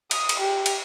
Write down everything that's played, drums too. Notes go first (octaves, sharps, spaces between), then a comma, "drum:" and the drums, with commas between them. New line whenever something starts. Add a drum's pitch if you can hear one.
D#6, drum: cymbal
drum: cymbal
G4
drum: cymbal